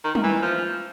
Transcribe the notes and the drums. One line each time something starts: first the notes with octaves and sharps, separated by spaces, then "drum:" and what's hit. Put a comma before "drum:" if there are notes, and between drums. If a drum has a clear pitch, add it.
D#3
D#3, drum: tom G3
E3
F3